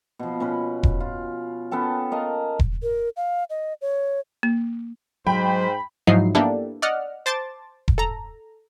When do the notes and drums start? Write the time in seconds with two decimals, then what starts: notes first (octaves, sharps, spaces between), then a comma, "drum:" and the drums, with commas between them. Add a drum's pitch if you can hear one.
0.19 B2 F3
0.40 B2 C#4 B4
0.83 drum: kick E1
1.00 F4
1.71 B3 C#4 A4 G5
2.11 A#4 D#5 F5 A5
2.59 drum: kick E1
2.83 A#4
3.17 F5
3.50 D#5
3.82 C#5
4.43 A#3
5.27 G#2 F#3 C5 G5 B5
6.07 G#2 F3 F#3 D#4 E4 C7
6.35 A#3 B3 D4 E4 G4 A4
6.82 D5 D#5 F#5 F6
7.26 C5 A5 C6 D6 A6
7.88 drum: kick E1
7.98 A4 A#5